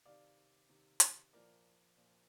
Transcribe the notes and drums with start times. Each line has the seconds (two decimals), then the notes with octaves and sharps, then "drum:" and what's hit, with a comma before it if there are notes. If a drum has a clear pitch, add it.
0.05 C3 D#3 D5 F5
0.69 C3 D#3
1.00 drum: hi-hat
1.33 A#2 F3 A#4 D5
1.98 A#2 F3